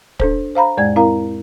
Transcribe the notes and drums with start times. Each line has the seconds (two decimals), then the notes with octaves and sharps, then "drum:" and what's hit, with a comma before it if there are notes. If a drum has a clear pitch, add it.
0.20 D4 A4 C5, drum: kick
0.55 C5 F5 A#5 B5
0.77 F2 A2 G#3 D5 G#5 G#6
0.96 C4 E4 A#4 F5 A#5